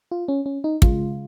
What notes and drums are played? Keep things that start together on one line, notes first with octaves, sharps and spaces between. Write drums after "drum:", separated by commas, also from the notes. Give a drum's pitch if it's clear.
F4
C#4
C#4
D#4
C#3 G#3 F4, drum: kick